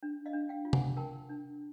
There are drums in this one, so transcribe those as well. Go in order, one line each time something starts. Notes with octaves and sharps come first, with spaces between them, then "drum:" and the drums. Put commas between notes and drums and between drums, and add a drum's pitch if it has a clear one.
D4
D#5 F5
D4
F5 G5
F4
F#5 G#5, drum: tom C3
A#4 G5 A5
D4